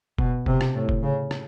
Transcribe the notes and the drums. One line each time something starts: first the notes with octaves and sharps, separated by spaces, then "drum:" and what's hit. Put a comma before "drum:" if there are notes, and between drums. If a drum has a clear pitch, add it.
B2, drum: kick F1
C3, drum: kick F1
drum: rim click
A2
drum: kick F1
C#3
drum: rim click